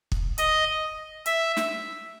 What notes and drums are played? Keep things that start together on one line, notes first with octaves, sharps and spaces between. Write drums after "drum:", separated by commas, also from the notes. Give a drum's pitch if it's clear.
drum: kick
D#5, drum: hi-hat
E5, drum: hi-hat
drum: snare